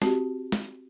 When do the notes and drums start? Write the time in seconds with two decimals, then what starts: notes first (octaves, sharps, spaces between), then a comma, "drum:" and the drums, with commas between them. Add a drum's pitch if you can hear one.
0.02 C4 F#4 G4, drum: snare
0.52 drum: snare